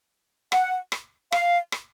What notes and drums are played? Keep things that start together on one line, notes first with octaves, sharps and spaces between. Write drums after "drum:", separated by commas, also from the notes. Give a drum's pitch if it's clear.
F#5, drum: rim click
drum: rim click
F5, drum: rim click
drum: rim click